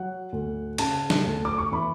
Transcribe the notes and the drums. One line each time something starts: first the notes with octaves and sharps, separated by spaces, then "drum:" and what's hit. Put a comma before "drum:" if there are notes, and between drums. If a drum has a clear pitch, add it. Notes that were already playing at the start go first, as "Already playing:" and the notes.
Already playing: F#3 F#5
D2
C#3 A5, drum: cymbal
drum: snare
D2
D6
C#6
E3 B5